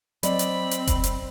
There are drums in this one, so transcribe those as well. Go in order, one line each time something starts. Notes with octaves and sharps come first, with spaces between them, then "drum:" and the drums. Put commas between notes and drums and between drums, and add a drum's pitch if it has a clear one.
F#3 C4 D5 D#5 B5, drum: hi-hat
drum: hi-hat
drum: hi-hat
drum: kick F1, hi-hat
drum: hi-hat